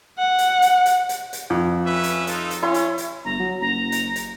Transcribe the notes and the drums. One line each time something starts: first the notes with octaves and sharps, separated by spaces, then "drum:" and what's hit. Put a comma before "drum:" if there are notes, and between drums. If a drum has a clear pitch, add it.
F#5
drum: hi-hat
drum: hi-hat
drum: hi-hat
drum: hi-hat
drum: hi-hat
F2
C#4 B4 E5
drum: hi-hat
D#4 F4 A4, drum: hi-hat
drum: hi-hat
C#4 E4 C6
drum: hi-hat
drum: hi-hat
G1 A#5
F#3
F#1 A#5
drum: hi-hat
drum: hi-hat